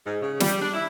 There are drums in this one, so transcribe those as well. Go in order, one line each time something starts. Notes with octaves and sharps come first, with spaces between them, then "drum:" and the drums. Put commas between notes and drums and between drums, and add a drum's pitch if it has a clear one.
G#2
C#3
G3, drum: snare
D4
E4